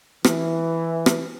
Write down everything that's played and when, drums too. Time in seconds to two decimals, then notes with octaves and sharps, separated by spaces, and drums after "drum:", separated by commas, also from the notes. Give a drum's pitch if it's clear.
0.24 E3, drum: rim click
1.06 drum: rim click